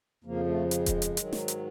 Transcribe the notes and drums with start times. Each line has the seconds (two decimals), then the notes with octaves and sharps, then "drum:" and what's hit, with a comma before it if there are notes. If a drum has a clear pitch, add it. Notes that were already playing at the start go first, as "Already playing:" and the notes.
0.24 F2 C#3 F3 A#3
0.47 A3
0.71 G#3, drum: hi-hat
0.86 drum: kick D#1, hi-hat
1.02 drum: hi-hat
1.17 G#2 D#3 F#3, drum: hi-hat
1.33 drum: snare
1.48 drum: hi-hat